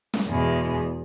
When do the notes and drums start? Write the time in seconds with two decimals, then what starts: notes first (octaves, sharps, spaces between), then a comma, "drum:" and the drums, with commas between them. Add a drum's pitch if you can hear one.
0.14 drum: snare
0.28 E2 B2 G#3